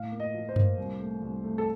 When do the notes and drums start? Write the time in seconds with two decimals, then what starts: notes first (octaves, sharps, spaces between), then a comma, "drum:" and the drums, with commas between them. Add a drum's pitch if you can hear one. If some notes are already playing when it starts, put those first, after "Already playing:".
Already playing: A2 F5
0.12 A#3
0.20 D#5
0.34 F3
0.49 C5
0.56 A#3, drum: tom F#2
0.78 C2
1.00 A3
1.22 C2
1.44 A3
1.58 A4